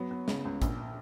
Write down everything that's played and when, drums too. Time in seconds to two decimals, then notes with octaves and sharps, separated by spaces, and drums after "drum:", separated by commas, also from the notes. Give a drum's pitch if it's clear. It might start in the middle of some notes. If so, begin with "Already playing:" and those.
Already playing: F#3 B3
0.11 B3
0.28 C#3, drum: snare
0.45 C#2
0.62 A#1, drum: kick A1, hi-hat